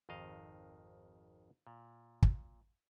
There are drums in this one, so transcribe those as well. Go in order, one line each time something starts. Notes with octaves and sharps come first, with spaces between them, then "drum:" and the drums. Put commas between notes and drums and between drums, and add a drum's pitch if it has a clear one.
G#1 F2 D#3 D#5 F5
A#2
drum: kick